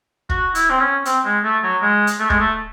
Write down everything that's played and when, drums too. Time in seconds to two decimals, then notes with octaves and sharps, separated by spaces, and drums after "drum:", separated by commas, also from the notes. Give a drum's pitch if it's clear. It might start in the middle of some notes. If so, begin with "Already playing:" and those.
0.29 F#4, drum: kick
0.55 E4, drum: hi-hat
0.70 C4
0.80 C#4
1.05 C4, drum: hi-hat
1.25 G#3
1.44 A3
1.63 F#3
1.82 G#3
2.07 drum: hi-hat
2.20 A3
2.30 G#3, drum: kick
2.40 A3